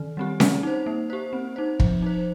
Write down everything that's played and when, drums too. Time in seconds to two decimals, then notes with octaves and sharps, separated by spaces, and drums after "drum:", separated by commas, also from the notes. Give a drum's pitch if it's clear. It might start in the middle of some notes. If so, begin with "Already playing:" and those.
Already playing: D#3
0.17 G3 C4 G4
0.40 C4, drum: snare C#4
0.63 D#4 C5
0.86 A#3
1.10 G4 C5
1.33 C4
1.56 D#4 C5
1.80 F3, drum: kick
2.02 D#4 C5